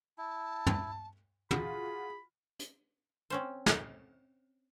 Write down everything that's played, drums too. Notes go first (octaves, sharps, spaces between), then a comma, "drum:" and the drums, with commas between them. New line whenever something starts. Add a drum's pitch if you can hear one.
E4 A5
drum: tom
F4 F#4 G#4 B5, drum: tom
drum: hi-hat
C4 C#4 C5
drum: snare